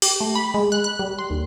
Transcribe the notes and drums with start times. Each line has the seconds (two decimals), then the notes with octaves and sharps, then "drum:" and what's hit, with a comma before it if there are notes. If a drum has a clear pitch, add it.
0.02 G4, drum: open hi-hat
0.20 A3
0.35 B5
0.54 G#3
0.72 F#6
0.84 F#6
0.99 G3
1.19 C6
1.30 D#2